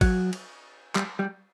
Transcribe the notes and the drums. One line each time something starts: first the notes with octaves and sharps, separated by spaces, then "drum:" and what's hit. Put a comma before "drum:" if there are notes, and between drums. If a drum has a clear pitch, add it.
F#3, drum: kick G#1, cymbal
drum: cymbal
G3, drum: clap
G3